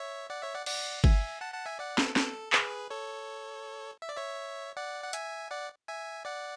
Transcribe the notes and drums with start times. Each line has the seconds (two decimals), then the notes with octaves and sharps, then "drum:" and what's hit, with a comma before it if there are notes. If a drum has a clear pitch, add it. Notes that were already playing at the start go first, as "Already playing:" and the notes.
Already playing: C#5 E5
0.30 D5 F#5
0.42 C#5 E5
0.54 D5 F#5
0.66 D5 F#5, drum: cymbal
1.04 E5 G#5, drum: kick G1
1.41 F#5 A5
1.54 F#5 A5
1.66 E5 G#5
1.79 D5 F#5
1.98 A4, drum: snare
2.16 A4, drum: snare
2.53 G#4 B4, drum: clap
2.90 A4 C#5
4.02 E5
4.09 D5
4.16 C#5 E5
4.77 D5 F#5
5.04 F#5
5.13 E5 G#5, drum: hi-hat
5.51 D5 F#5
5.88 E5 G#5
6.25 D5 F#5